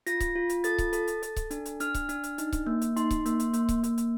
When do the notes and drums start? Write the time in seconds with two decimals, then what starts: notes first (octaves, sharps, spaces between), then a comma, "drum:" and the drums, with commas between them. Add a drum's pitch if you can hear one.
0.06 F4 A#6, drum: hi-hat
0.20 drum: kick C#1, hi-hat
0.35 F4
0.49 drum: hi-hat
0.64 A4 A6, drum: hi-hat
0.78 drum: kick C#1, hi-hat
0.93 A4, drum: hi-hat
1.07 drum: hi-hat
1.23 A4, drum: hi-hat
1.36 drum: kick C#1, hi-hat
1.51 D4, drum: hi-hat
1.65 drum: hi-hat
1.80 D4 F6, drum: hi-hat
1.94 drum: kick C#1, hi-hat
2.09 D4, drum: hi-hat
2.23 drum: hi-hat
2.38 D#4, drum: hi-hat
2.52 drum: kick C#1, hi-hat
2.67 A#3
2.81 drum: hi-hat
2.97 D#4 C6, drum: hi-hat
3.11 drum: kick C#1, hi-hat
3.26 A#3, drum: hi-hat
3.40 drum: hi-hat
3.53 A#3, drum: hi-hat
3.69 drum: kick C#1, hi-hat
3.84 A#3, drum: hi-hat
3.98 drum: hi-hat